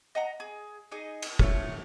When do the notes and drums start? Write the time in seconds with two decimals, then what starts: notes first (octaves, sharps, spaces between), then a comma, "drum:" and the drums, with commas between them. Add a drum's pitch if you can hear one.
0.15 D#5 F#5 A#5
0.40 G#4
0.92 D#4 G#4 D#5
1.22 drum: cymbal
1.39 A3 C#5 F6, drum: kick